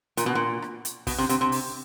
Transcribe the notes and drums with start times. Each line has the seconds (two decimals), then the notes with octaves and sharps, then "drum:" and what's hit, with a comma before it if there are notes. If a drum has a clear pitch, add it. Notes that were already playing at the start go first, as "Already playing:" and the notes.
0.17 A#2, drum: hi-hat
0.26 B2
0.35 A#2
0.62 drum: rim click
0.85 drum: hi-hat
1.07 B2, drum: kick, open hi-hat
1.18 C3
1.29 C3, drum: hi-hat
1.41 C3
1.52 drum: open hi-hat